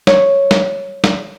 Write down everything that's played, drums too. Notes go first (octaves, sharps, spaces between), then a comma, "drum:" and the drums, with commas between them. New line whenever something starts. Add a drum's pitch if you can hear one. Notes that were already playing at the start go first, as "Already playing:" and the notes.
C#5, drum: snare
drum: snare
drum: snare